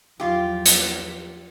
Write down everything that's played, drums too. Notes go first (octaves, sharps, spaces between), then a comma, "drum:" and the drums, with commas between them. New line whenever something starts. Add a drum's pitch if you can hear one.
E2 F3 F#3 F4 G4
drum: hi-hat